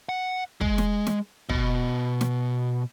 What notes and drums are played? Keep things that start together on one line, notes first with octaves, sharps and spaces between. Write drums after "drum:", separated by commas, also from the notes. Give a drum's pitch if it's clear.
F#5
G#3, drum: kick
drum: snare
drum: snare
B2, drum: kick
drum: snare